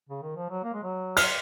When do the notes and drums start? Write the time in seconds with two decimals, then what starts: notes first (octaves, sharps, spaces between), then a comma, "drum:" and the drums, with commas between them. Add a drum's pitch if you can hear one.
0.09 C#3
0.23 D#3
0.36 F3
0.50 F#3
0.64 A#3
0.74 G#3
0.83 F#3
1.17 F6, drum: cymbal